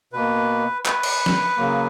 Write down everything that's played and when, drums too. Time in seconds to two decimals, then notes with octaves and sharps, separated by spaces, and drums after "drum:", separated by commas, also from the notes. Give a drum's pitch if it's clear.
0.13 B2 A#3 B4
0.86 B4, drum: clap
1.03 drum: cymbal
1.26 drum: snare
1.57 C#3 F#3 A#3